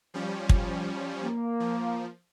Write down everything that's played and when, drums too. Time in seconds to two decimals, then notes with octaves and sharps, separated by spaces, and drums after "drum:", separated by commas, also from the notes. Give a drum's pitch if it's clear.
0.14 F3 G3 C#4
0.49 drum: kick
1.22 A#3
1.60 F3